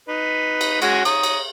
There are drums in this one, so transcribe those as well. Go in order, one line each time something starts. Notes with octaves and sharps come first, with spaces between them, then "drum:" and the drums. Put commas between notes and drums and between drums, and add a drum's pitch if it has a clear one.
D#4 B4
drum: cymbal
G#3 C#4 F#4, drum: cymbal
C#5 A#5 D#6, drum: cymbal
drum: cymbal